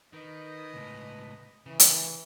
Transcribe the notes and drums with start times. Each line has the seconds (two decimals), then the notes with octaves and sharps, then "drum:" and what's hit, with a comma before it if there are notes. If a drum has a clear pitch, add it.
0.13 D#3 B4 D#5
0.74 C#2 A2
1.66 C#3 E3
1.80 drum: hi-hat